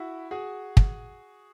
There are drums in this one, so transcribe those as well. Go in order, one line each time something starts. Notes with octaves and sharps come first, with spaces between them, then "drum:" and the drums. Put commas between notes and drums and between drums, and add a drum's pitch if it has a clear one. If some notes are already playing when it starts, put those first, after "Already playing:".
Already playing: E4 F#4
F#4 G#4
drum: kick